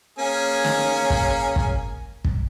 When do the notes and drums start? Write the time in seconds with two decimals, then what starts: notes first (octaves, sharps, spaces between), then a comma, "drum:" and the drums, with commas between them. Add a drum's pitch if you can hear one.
0.19 A#3 C#4 G#4
0.64 drum: snare
1.10 drum: kick
1.56 drum: kick
2.25 drum: kick